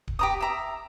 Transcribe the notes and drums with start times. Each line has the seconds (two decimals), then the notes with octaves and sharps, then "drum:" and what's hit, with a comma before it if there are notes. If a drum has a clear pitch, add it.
0.08 drum: kick D1
0.19 G4 A#5 D#6
0.41 E5 A#5